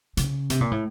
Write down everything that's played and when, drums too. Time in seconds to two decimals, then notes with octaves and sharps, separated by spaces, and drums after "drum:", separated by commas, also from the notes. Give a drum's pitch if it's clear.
0.17 C#3, drum: hi-hat
0.50 C3, drum: hi-hat
0.61 A#2
0.71 A2